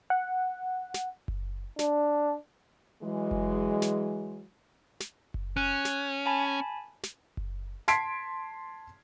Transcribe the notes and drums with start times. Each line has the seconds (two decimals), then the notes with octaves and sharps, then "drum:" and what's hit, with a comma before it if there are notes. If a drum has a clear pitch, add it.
0.10 F#5
0.94 drum: snare
1.28 drum: kick F#1
1.79 D4, drum: snare
3.02 E3 F#3 G#3
3.31 drum: kick F#1
3.82 drum: snare
5.00 drum: snare
5.34 drum: kick F#1
5.57 C#4 F#6
5.85 drum: snare
6.26 G#5 A5 B5
7.03 drum: snare
7.37 drum: kick F#1
7.88 A5 C6 G#6 B6 C7 D7, drum: snare